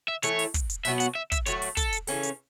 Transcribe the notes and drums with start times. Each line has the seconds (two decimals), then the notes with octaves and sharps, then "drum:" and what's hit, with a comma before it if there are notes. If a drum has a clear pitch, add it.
0.08 E5
0.23 E3 A3 E4 A4 C#5, drum: hi-hat
0.39 drum: open hi-hat
0.54 drum: kick, hi-hat
0.70 drum: hi-hat
0.85 B2 F#3 B3 F#4 E5, drum: open hi-hat
1.00 F#5, drum: hi-hat
1.15 E5
1.32 E5, drum: kick, hi-hat
1.46 A2 F#3 A3 F#4 C#5, drum: hi-hat
1.62 drum: open hi-hat
1.77 A4, drum: kick, hi-hat
1.93 drum: hi-hat
2.07 C#3 E3 C#4 A4, drum: open hi-hat
2.23 drum: hi-hat